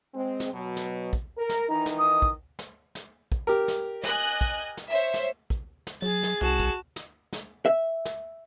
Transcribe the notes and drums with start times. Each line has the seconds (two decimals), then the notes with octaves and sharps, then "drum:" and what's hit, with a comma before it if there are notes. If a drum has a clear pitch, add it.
0.14 G#3 C4
0.40 drum: snare
0.53 B2 F#3
0.76 drum: snare
1.13 drum: kick
1.37 A#4
1.49 drum: snare
1.69 D#3 E3 D#4 A#5
1.86 drum: snare
1.98 D#6
2.22 drum: kick
2.59 drum: snare
2.95 drum: snare
3.32 drum: kick
3.47 G4 A#4
3.68 drum: snare
4.03 D#5 G#5 F#6, drum: snare
4.41 drum: kick
4.77 drum: snare
4.90 C5 C#5 E5
5.14 drum: snare
5.50 drum: kick
5.87 drum: snare
6.02 F#3 G#4 A6
6.23 drum: snare
6.41 C2 F#4 A5
6.60 drum: kick
6.96 drum: snare
7.33 drum: snare
7.66 E5
8.05 drum: snare